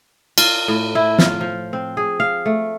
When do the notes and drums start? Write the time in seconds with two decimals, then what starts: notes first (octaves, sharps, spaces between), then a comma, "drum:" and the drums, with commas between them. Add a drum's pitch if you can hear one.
0.38 F4, drum: cymbal
0.68 A2
0.95 E4
1.19 F4, drum: snare
1.41 F3
1.73 C4
1.97 G#4
2.20 F5
2.46 A3